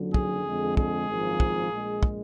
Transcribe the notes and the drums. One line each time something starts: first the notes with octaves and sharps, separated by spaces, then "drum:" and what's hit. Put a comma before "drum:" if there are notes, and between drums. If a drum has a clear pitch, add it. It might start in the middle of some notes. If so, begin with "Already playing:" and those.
Already playing: F#1 F2 D3 F#3
G#4, drum: kick
F2 D3 G#3
G#4, drum: kick
G#1 F#2 F3 A#3
drum: kick
A#1 A#2 G#3
drum: kick